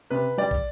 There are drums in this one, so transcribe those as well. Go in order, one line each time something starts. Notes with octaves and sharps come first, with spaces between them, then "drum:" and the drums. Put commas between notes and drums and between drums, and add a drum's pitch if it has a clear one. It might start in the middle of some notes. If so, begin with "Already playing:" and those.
C3 B4
G3 D5
drum: kick